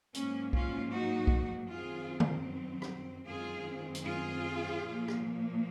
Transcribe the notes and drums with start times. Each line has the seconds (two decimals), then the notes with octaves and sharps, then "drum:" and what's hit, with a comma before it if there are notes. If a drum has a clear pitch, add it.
0.14 G#2 F#3 A#3 C#4, drum: hi-hat
0.53 C#4 F4, drum: kick B1
0.92 D#4 F#4
1.27 drum: kick B1
1.70 F#2 D#3 F#3 C4 F4 G#4
2.20 drum: tom D3
2.82 drum: rim click
3.27 F#2 D#3 G#3 C4 F4 G#4
3.95 drum: hi-hat
4.04 F4 G#4
4.83 A#2 F3 A#3
5.08 drum: rim click